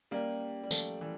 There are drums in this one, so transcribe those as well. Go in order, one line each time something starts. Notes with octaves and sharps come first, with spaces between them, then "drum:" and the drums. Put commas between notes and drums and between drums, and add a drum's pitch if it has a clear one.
G3 A#3 C#4 G4 D5 G5
G3
F3 A3, drum: tambourine
E3 G3